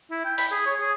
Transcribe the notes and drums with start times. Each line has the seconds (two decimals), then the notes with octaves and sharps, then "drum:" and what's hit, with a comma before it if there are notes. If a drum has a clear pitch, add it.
0.11 E4
0.25 G5
0.38 B5, drum: open hi-hat
0.52 G#4
0.66 C#5
0.80 G#4